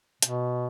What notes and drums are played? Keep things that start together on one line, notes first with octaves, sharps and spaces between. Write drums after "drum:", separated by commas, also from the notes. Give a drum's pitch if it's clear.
B2, drum: hi-hat